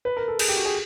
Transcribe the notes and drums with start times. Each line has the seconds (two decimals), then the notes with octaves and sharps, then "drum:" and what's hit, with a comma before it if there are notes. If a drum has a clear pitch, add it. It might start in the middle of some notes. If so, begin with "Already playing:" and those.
0.05 B4
0.17 A#4
0.28 A4
0.39 G#4, drum: cymbal
0.48 G4
0.57 F#4
0.65 G#4